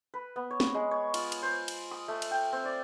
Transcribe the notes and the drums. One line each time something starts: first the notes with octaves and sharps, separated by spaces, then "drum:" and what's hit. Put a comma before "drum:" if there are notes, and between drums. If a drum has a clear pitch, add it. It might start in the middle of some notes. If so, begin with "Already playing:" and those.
B4
B3
C#5
drum: snare
G#3
C#5
F4, drum: cymbal
drum: cymbal
C5
drum: cymbal
D#6
A3
drum: cymbal
G5
C4
D5